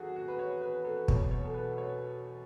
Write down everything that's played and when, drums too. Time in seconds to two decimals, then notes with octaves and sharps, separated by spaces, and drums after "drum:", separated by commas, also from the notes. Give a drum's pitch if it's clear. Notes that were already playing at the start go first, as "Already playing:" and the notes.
Already playing: E2 D#3 F#3 F#4 G#4 A4
0.16 F#4
0.28 B4
0.39 C#5
0.62 B4
0.85 A4
1.08 E2 B2 F#3 C#5, drum: kick
1.31 C#5
1.45 A4
1.54 B4
1.78 C#5